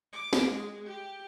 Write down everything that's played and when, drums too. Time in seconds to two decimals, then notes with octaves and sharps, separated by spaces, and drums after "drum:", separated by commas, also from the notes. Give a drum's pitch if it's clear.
0.13 D6
0.33 drum: snare
0.48 G#3
0.86 G4